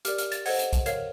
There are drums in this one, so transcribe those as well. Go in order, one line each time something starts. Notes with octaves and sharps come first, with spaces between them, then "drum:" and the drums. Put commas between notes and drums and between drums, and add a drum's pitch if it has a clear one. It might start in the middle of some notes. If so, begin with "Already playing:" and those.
G4 A#4 D5 F6, drum: hi-hat
F6, drum: hi-hat
A6, drum: hi-hat
A4 C5 D#5 F#5 G#6, drum: open hi-hat
drum: hi-hat
drum: kick, hi-hat
A#4 C#5 F5, drum: hi-hat